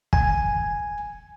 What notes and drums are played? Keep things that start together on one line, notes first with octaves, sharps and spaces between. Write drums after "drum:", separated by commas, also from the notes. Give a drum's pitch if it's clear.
G#5, drum: kick